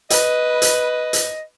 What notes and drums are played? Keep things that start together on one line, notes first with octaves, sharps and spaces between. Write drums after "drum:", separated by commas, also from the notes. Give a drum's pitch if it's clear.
B4 D#5, drum: hi-hat
drum: hi-hat
drum: hi-hat